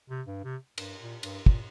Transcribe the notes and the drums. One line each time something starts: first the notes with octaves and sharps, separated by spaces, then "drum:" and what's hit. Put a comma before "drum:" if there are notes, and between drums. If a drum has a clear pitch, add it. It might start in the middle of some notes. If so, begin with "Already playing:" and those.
C3
G2
C3
G2, drum: cymbal
A#2
G2, drum: cymbal
A#2, drum: kick